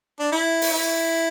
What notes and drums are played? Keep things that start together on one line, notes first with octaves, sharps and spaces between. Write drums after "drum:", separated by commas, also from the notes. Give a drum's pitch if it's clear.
D4
E4
drum: open hi-hat
E4